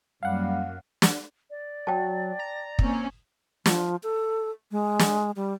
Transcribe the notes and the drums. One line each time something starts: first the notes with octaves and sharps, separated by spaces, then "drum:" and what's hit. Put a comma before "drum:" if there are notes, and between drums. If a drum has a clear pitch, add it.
F#2 G3 A#3 F5 F#5
drum: snare
D5
F#3 G5 A5
A#5
A#3 C4 C#4, drum: kick
F3, drum: snare
A4
G#3
drum: snare
G3